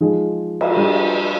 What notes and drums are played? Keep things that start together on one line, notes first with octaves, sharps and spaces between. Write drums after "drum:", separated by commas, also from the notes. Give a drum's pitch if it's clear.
F3 G#3 D#4 G#4
drum: cymbal
G3 D4 G#4